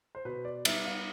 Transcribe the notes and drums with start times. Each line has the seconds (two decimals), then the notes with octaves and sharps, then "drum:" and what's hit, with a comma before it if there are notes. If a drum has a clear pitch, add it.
0.15 C5
0.25 B2 B4
0.45 D5
0.65 G3 B3 D#4 E5, drum: cymbal
0.86 F5